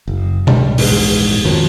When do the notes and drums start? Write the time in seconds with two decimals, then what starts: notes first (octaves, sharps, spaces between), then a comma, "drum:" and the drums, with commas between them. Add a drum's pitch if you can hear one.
0.08 F#1
0.47 C#2 G#2 G3 D4, drum: tom B2
0.78 A#1 E2 G#2, drum: open hi-hat
1.45 F2 D#3 F3 F#3